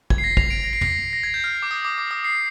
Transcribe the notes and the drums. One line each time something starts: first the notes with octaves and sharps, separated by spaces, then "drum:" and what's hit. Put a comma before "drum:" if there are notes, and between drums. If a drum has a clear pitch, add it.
G#6, drum: kick
C7
A#6
F7, drum: kick
D7
A#6
C7
A#6, drum: tom
A#6
G#6
G6
F6
D6
D#6
D6
D6
D#6
C7